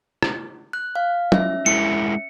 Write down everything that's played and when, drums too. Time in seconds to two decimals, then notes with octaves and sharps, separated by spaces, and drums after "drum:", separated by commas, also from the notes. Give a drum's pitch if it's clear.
0.23 drum: rim click
0.73 F#6
0.96 F5
1.32 C#4 E5, drum: tom
1.66 G#3 E4 A#4 C#7